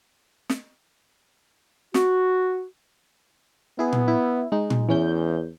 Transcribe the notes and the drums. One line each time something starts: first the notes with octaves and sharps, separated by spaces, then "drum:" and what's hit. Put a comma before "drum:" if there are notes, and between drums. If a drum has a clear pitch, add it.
drum: snare
F#4, drum: snare
B3 E4 G#4
drum: tom A#2
E4
G#3 D#4
drum: tom A#2
E2 E3 C#4 G6